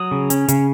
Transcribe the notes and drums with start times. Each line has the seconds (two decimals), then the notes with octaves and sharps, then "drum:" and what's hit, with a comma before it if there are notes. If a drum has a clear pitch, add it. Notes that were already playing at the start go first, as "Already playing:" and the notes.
Already playing: F#3 D#6
0.11 C#3
0.30 C#4, drum: hi-hat
0.48 C#3, drum: hi-hat